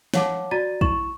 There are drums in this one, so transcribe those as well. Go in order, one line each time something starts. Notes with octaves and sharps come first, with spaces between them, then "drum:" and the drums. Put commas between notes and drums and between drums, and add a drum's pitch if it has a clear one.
C#5 F5 F#5 A5 D6, drum: snare
F#4 D5 A#5 A6 D#7
E4 C#6 E7, drum: kick